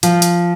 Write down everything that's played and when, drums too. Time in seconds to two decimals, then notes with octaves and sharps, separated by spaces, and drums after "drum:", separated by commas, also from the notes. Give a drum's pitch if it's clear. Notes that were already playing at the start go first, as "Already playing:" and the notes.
0.03 F3, drum: hi-hat
0.22 drum: hi-hat